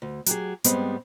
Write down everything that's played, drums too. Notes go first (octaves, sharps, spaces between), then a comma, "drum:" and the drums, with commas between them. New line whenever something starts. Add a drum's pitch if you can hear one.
D2
F#3 G4 G#4, drum: hi-hat
G#2 G3 G#3 B3 C4, drum: hi-hat